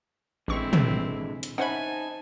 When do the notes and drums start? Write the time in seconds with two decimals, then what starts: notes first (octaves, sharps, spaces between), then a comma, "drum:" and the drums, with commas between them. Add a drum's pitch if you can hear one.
0.48 A1 D3 G#3 C4 E4 C#6
0.73 drum: tom
1.43 drum: hi-hat
1.58 C#4 D#4 C5 E5 F#5 G#5 A5 B5